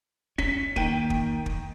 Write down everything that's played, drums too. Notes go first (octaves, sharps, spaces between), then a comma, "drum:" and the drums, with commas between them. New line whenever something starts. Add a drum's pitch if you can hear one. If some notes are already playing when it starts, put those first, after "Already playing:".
C#4 B6, drum: kick
D#3 A#3 G5 D#7, drum: kick
drum: kick
drum: kick